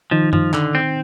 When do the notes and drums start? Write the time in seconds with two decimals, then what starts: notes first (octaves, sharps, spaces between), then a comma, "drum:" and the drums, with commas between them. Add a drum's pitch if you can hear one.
0.11 D#3 F3 D#4
0.33 F3, drum: tom F#2
0.54 D3, drum: clap
0.75 C4